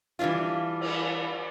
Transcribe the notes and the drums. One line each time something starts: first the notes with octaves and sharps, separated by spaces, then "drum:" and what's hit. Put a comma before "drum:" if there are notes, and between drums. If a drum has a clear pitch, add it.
E3 G3 C#4 D4 F4
drum: cymbal